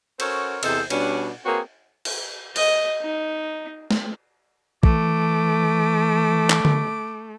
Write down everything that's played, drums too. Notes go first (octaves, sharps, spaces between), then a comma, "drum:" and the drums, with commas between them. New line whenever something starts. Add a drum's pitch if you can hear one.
C#4 F#4 A4 A#4 C5 C#5, drum: cymbal
E2 C3 A4 C5 D#5, drum: cymbal
B2 G3 C#4 D4, drum: cymbal
A#3 C4 F#4 G#4 B4 C#5
drum: cymbal
D#5, drum: cymbal
D#4
drum: snare
E3 A3 D6, drum: kick
drum: clap
drum: tom D3